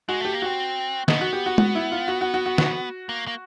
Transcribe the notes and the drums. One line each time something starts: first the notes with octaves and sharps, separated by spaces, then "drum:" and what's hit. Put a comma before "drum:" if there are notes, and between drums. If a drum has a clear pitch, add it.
G#3 F#4
A3 G4
A#3
C4 F#4
B3 D#4, drum: snare
F#4
G4
F#4
F#4, drum: tom G#3
E4
F4
F#4
F#4
F#4
F#4
F#4, drum: snare
A#3
A#3